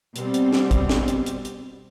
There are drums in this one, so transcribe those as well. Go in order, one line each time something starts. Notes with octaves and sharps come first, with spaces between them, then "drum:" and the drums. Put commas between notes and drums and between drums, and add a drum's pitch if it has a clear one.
B2 G3 C4, drum: hi-hat
drum: hi-hat
drum: snare
drum: kick, hi-hat
drum: snare
drum: hi-hat
drum: hi-hat
drum: hi-hat